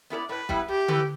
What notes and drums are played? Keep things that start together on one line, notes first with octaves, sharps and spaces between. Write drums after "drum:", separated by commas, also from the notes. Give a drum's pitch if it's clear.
B3 E4 A4 D5
A2 B4
G3 B3 E4, drum: kick
A2 G4
E3 A3 E4 B4, drum: tom D3